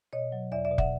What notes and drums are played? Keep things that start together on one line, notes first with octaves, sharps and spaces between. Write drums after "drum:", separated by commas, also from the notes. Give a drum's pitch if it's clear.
B2 C#5 D#5
F#3
E2 D5 E5
D5 E5
B2
E5 F#5, drum: kick